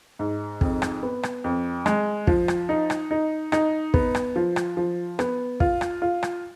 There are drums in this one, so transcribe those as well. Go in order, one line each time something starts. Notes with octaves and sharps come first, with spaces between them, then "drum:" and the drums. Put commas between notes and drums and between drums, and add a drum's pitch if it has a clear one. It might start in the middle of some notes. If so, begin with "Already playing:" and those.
G#2
F2, drum: kick
drum: rim click
B3
drum: rim click
F2
G#3, drum: rim click
F3, drum: kick
drum: rim click
D#4
drum: rim click
D#4
D#4, drum: rim click
B3, drum: kick
drum: rim click
F3
drum: rim click
F3
B3, drum: rim click
F4, drum: kick
drum: rim click
F4
drum: rim click